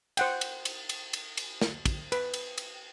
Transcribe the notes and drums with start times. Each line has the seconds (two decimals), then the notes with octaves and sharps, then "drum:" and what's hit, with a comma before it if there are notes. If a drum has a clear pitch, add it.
0.17 C5 F#5 G5, drum: cymbal
0.41 drum: cymbal
0.65 drum: cymbal
0.89 drum: cymbal
1.13 drum: cymbal
1.37 drum: cymbal
1.61 drum: snare
1.86 drum: kick, cymbal
2.12 B4, drum: cymbal
2.34 drum: cymbal
2.58 drum: cymbal